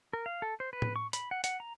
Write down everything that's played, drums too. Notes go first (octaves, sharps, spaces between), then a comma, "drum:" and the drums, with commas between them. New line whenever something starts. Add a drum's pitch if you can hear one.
A#4
F5
A4
C5
B4
drum: tom
C#6
B5, drum: hi-hat
F#5
F#5, drum: hi-hat
A#5